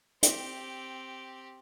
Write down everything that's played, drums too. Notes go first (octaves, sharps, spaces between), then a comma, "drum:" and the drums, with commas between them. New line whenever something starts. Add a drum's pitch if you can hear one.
C4 G4, drum: hi-hat